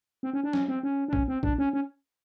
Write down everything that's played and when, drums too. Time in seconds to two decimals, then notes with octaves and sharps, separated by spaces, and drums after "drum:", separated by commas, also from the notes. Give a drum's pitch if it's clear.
0.23 C4
0.33 C#4
0.44 D4
0.53 C#4, drum: snare
0.68 C4
0.83 C#4
1.08 D4
1.13 C#4, drum: kick
1.28 C4
1.43 D4, drum: kick
1.59 C#4
1.73 C#4